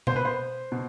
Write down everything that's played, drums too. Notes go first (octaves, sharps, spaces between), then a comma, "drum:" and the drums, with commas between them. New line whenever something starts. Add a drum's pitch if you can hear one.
B2 B3 C5, drum: tom B2
B4
C5
B2